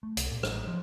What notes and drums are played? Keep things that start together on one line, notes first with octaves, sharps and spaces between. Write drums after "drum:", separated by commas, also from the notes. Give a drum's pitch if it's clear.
A3
C2, drum: hi-hat
A#2
A1, drum: rim click
F3